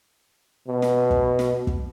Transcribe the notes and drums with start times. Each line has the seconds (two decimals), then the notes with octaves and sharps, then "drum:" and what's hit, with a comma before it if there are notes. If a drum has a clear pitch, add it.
0.68 B2
0.82 drum: snare
1.11 drum: kick
1.39 drum: snare
1.67 drum: kick